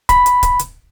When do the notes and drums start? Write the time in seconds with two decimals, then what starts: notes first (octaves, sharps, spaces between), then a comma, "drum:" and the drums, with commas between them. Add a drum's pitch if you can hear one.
0.09 B5, drum: kick C#1, hi-hat
0.26 drum: hi-hat
0.43 drum: kick C#1, hi-hat
0.59 drum: hi-hat